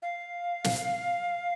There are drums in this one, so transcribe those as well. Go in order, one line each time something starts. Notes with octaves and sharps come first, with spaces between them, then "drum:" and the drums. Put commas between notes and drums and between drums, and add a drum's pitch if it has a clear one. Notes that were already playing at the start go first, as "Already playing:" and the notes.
F5
drum: snare